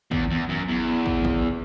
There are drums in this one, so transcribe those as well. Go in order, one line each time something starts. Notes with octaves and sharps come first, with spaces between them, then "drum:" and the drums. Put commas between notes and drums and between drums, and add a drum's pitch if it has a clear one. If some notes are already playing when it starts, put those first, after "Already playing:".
E2, drum: kick
E2
F#2
E2
drum: kick
drum: kick